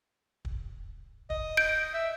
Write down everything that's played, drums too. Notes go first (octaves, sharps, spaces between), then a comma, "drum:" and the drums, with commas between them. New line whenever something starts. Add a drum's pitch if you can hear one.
drum: kick
D#5, drum: kick
G6 D7
E5